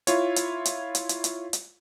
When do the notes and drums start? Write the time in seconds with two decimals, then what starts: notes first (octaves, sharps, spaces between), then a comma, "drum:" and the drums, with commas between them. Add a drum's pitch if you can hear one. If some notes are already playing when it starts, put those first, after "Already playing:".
0.07 E4 F4 C#5, drum: hi-hat
0.36 drum: hi-hat
0.65 drum: hi-hat
0.95 drum: hi-hat
1.09 drum: hi-hat
1.24 drum: hi-hat
1.53 drum: hi-hat